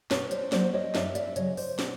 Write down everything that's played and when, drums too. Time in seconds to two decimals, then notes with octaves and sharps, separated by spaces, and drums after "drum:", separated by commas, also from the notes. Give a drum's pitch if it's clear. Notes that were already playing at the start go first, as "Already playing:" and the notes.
0.11 B2 B4 C#5, drum: snare
0.31 C5 D5, drum: hi-hat
0.52 F#3 A#3 D#4 C5 D5, drum: snare
0.74 C#5 D#5
0.95 F#2 D5 E5, drum: snare
1.15 D5 E5, drum: hi-hat
1.36 C#3 F#3 C#5 D#5, drum: hi-hat
1.57 C5 D5, drum: open hi-hat
1.79 B2, drum: snare